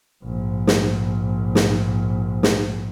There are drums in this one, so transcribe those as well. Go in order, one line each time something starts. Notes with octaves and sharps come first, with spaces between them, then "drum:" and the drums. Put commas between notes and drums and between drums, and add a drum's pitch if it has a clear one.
A#1 G#2
drum: snare
drum: snare
drum: snare